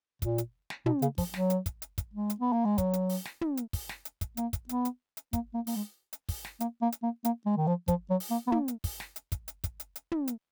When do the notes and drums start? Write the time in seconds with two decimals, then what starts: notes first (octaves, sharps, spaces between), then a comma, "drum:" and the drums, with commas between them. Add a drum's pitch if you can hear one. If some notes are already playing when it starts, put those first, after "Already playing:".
0.22 A#2, drum: kick, hi-hat
0.38 drum: hi-hat
0.70 drum: snare
0.86 B2, drum: tom
1.02 C#3, drum: hi-hat
1.18 F3, drum: kick, open hi-hat
1.34 F#3, drum: snare
1.50 drum: hi-hat
1.66 drum: kick, hi-hat
1.82 drum: hi-hat
1.98 drum: kick, hi-hat
2.14 G#3
2.30 drum: hi-hat
2.40 B3
2.53 A#3
2.65 G#3
2.78 F#3, drum: kick, hi-hat
2.93 drum: hi-hat
3.09 drum: open hi-hat
3.25 drum: snare
3.41 drum: tom
3.57 drum: hi-hat
3.73 drum: kick, open hi-hat
3.89 drum: snare
4.05 drum: hi-hat
4.21 drum: kick, hi-hat
4.37 A#3, drum: hi-hat
4.53 drum: kick, hi-hat
4.69 B3, drum: hi-hat
4.85 drum: hi-hat
5.17 drum: hi-hat
5.33 A#3, drum: kick, hi-hat
5.54 A#3
5.67 A#3, drum: open hi-hat
5.76 G#3
6.13 drum: hi-hat
6.29 drum: kick, open hi-hat
6.45 drum: snare
6.60 A#3, drum: hi-hat
6.82 A#3
6.92 drum: hi-hat
7.03 A#3
7.25 A#3, drum: hi-hat
7.46 G#3
7.57 D#3
7.67 F3
7.88 F3, drum: kick, hi-hat
8.10 F#3
8.20 drum: open hi-hat
8.30 A#3
8.47 B3
8.52 A#3, drum: tom
8.68 drum: hi-hat
8.84 drum: kick, open hi-hat
9.00 drum: snare
9.16 drum: hi-hat
9.32 drum: kick, hi-hat
9.48 drum: hi-hat
9.64 drum: kick, hi-hat
9.80 drum: hi-hat
9.96 drum: hi-hat
10.12 drum: tom
10.27 drum: hi-hat